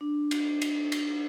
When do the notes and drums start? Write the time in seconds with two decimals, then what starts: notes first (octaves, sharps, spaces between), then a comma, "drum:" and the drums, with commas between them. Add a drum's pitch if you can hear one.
0.01 D4
0.31 drum: cymbal
0.62 drum: cymbal
0.92 drum: cymbal